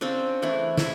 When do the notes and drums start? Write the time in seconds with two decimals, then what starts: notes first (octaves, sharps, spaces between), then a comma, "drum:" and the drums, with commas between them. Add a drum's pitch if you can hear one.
0.01 C#3 C4 D4
0.42 E3 A3 D4 E4
0.77 E4, drum: snare